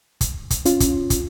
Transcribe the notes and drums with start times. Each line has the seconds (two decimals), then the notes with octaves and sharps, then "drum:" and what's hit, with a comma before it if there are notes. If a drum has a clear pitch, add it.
0.21 drum: kick, hi-hat
0.50 drum: kick, hi-hat
0.65 C#4 F4, drum: hi-hat
0.80 drum: kick, hi-hat
1.10 drum: kick, hi-hat